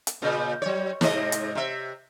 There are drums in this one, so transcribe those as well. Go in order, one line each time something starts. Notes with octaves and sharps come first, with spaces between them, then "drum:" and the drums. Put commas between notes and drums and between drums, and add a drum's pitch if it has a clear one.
drum: hi-hat
A#2 C#3
F#3 C#5
G#2 C3 D#5, drum: snare
drum: hi-hat
C3 E5